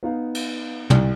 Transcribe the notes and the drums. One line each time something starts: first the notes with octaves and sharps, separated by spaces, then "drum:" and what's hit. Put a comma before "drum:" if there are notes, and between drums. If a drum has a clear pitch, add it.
B3 D#4 F5
drum: cymbal
C2, drum: tom